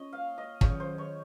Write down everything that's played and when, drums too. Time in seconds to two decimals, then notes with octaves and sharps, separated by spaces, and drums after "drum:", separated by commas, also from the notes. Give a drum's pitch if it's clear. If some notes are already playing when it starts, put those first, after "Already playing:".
Already playing: A#3 C#4 F4 C#5 D#5
0.13 F5
0.38 D#5
0.61 D#3 F#3 C#4 F4 G#4 C#5, drum: kick
0.80 C5
0.98 C#5